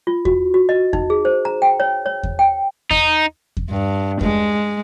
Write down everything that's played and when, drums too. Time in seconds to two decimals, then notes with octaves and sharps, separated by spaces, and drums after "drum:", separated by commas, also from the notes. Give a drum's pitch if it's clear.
0.07 F4
0.25 F#4, drum: kick E2
0.54 F#4
0.69 D#5
0.93 D#4, drum: kick E2
1.10 G#4
1.25 C5
1.45 A#5
1.62 G5
1.80 C#5
2.06 C#5
2.23 drum: kick E2
2.39 G5
2.91 D#4, drum: kick E2
3.57 drum: kick E2
3.70 G2
4.21 G#3, drum: kick E2